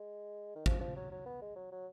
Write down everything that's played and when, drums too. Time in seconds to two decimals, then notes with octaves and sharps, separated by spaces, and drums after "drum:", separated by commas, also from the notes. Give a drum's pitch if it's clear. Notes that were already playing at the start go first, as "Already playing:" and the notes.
Already playing: G#3
0.55 D#3
0.66 F3, drum: kick G#1
0.81 F3
0.96 F#3
1.11 F#3
1.26 B3
1.42 G#3
1.55 F#3
1.71 F#3